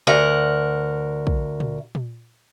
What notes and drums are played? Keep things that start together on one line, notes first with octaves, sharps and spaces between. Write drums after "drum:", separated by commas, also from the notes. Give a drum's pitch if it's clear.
D2 A#4 F#5
drum: kick
drum: tom A#2
drum: tom A#2